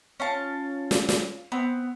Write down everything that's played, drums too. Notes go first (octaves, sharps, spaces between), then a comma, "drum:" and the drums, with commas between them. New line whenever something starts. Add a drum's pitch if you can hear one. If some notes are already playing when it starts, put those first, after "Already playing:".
C#4 F4 A5
drum: snare
drum: snare
B3 C4